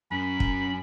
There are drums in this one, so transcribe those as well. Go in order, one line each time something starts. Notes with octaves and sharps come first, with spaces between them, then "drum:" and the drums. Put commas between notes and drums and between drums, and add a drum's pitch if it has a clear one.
F#2 C#4 B5
drum: kick